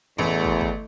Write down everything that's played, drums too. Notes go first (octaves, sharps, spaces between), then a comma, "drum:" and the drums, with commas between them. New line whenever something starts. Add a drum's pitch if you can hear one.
A1 E2 A3
drum: kick
drum: kick